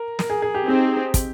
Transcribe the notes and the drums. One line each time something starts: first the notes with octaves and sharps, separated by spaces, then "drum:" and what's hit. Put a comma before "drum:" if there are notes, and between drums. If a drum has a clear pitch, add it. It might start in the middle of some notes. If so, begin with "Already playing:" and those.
Already playing: A#4
A#4, drum: snare
G#4
G#4
G4
C4 D#4 G#4
drum: kick, hi-hat